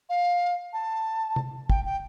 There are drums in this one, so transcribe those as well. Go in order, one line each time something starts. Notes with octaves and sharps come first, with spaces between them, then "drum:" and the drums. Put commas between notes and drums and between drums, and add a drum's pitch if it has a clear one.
F5
A5
drum: tom C3
G5, drum: kick
G5